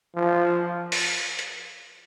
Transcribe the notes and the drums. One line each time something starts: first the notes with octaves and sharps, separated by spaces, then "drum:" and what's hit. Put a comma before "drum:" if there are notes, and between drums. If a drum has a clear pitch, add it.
F3
drum: open hi-hat
drum: hi-hat